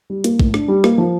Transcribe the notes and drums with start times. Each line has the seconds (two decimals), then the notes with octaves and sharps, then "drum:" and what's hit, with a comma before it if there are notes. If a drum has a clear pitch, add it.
0.10 G3
0.24 A#3, drum: hi-hat
0.40 A2, drum: kick
0.54 D4, drum: rim click
0.68 G3
0.84 A#3, drum: rim click
0.98 F3